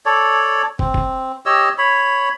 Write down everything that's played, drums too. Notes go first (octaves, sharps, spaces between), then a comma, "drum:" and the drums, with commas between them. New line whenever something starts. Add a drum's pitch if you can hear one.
A4 C#5 D5
C4, drum: kick
drum: kick
G4 C#5 D#5 E6
C#5 B5